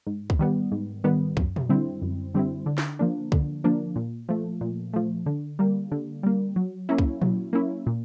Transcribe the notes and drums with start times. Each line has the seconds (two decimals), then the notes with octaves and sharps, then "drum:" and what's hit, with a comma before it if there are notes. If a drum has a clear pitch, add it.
0.07 G#2
0.30 drum: kick
0.39 D#3 G3 B3
0.72 G#2
1.04 D#3 G3 B3
1.37 F#2, drum: kick
1.56 drum: tom A#2
1.69 D3 G3 C4 E4
2.02 F#2
2.34 D3 G3 C4 E4
2.66 D3
2.78 drum: snare
2.99 F3 A#3 D4
3.32 D3, drum: kick
3.64 F3 A#3 D4
3.96 A#2
4.29 F3 A3
4.61 A#2
4.93 F3 A3
5.26 D3
5.59 G3 A#3
5.92 D3
6.23 G3 A#3
6.56 F#3
6.89 A#3 C#4 E4
6.98 drum: kick
7.22 F#3, drum: tom A#2
7.53 A#3 C#4 E4
7.87 A#2